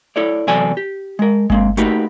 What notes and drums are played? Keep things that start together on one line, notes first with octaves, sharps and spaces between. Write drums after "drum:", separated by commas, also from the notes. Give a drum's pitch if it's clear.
E4 A4 C#5 D5
E2 C3 F#3 A4 D5 G#5
G4
G#3 A#4
G#3 A#3 C4, drum: kick G1
A3 A#3 D#4 F#4 G4 B4, drum: hi-hat